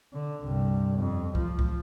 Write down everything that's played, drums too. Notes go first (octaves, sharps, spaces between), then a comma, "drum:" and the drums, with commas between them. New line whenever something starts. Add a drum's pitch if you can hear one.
D3
C2 G2
F2
F3, drum: kick C2
drum: kick C2